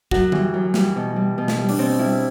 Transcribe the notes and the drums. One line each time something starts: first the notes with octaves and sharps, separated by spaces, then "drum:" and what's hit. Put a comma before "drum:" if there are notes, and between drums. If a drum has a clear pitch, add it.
F#2 F#4, drum: kick
E3 G3, drum: tom D3
F#2
E3 G3, drum: snare
B2
G3
B2
drum: snare
G3
D4, drum: open hi-hat
B2 C4
G3 E4